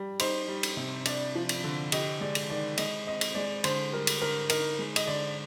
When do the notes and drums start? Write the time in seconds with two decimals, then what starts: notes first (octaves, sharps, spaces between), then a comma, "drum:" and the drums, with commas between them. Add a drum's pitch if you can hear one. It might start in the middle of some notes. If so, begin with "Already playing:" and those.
Already playing: G3
0.19 D#4 C5, drum: cymbal
0.48 G3
0.63 drum: cymbal
0.77 C3
1.05 D4 D5, drum: cymbal
1.35 F3
1.49 drum: cymbal
1.64 D3
1.92 G4 D#5, drum: cymbal
2.21 G#3 D5
2.35 drum: cymbal
2.50 D#3 D5
2.78 G#3 D#5, drum: cymbal
3.07 C4 D#5
3.21 drum: cymbal
3.35 G#3 D5
3.64 D3 C5, drum: cymbal
3.92 G3 A#4
4.07 drum: cymbal
4.21 D3 A#4
4.50 D#4 A#4, drum: cymbal
4.79 G#3
4.96 D#5, drum: cymbal
5.07 D3 D5